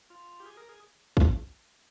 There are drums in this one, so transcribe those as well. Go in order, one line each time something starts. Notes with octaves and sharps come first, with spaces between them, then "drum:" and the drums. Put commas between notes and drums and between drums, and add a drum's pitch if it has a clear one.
F4
G4
G#4
A#4
G#4
drum: kick